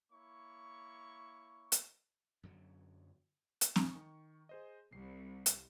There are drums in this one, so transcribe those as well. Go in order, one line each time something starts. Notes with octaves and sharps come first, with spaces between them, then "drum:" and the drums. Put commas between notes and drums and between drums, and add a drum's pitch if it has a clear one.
A#3 E4 C#5 C#6
drum: hi-hat
F#2 D3 F#3
drum: hi-hat
drum: snare C4
D#3 C#6
G#4 C5 D#5
C2 C7
drum: hi-hat